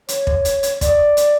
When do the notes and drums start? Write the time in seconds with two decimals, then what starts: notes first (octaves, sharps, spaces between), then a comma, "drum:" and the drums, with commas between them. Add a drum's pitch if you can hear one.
0.08 C#5, drum: hi-hat
0.27 drum: kick
0.45 drum: hi-hat
0.63 drum: hi-hat
0.81 D5, drum: kick, hi-hat
1.17 drum: hi-hat